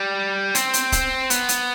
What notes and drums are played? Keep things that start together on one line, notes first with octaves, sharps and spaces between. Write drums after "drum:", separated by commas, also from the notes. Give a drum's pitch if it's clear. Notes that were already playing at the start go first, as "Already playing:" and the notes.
Already playing: G3
C4, drum: hi-hat
drum: hi-hat
drum: kick D1, hi-hat
B3, drum: hi-hat
drum: hi-hat